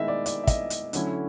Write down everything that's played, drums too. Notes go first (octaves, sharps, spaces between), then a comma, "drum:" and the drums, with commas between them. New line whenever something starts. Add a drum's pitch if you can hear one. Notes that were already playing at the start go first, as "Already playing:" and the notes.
Already playing: D#3 G#3 B3 E4 D#5 E5
D5
D5, drum: hi-hat
E5
D#5, drum: kick, hi-hat
drum: hi-hat
D3 F#3 A3 C#4 E4, drum: hi-hat